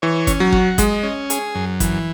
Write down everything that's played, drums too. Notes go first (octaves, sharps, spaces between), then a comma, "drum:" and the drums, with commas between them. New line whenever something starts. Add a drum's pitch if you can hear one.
E3 C#5
C#4, drum: kick G1, hi-hat
F#3
F#4, drum: kick G1
G#3 D#5, drum: kick G1, hi-hat
C#4
G#4, drum: hi-hat
F#2
E3, drum: kick G1, hi-hat